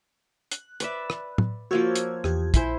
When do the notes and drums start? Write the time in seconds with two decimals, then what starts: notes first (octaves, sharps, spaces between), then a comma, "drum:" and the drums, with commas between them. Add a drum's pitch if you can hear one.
0.51 F#6, drum: hi-hat
0.80 B4 D5 E5, drum: hi-hat
1.10 drum: rim click
1.38 drum: tom
1.71 F3 A#3 F#4 C#5 E6 G#6
1.96 drum: hi-hat
2.24 E2 G4 G#6, drum: rim click
2.54 A#1 E4 C5 G#5, drum: kick, hi-hat